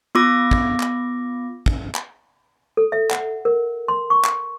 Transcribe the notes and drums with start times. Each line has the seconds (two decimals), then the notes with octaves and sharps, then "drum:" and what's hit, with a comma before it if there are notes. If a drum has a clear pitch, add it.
0.15 B3 F4 D6 A#6
0.51 drum: kick
0.80 drum: clap
1.66 drum: kick
1.95 drum: clap
2.77 A4
2.92 E5
3.11 F#5, drum: clap
3.45 A#4
3.88 C6
4.10 C#6
4.25 drum: clap